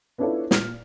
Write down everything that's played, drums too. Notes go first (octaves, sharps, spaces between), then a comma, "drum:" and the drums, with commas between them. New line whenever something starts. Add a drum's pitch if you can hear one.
B3 C#4 D4 E4 F4 A4
A#2 F6, drum: snare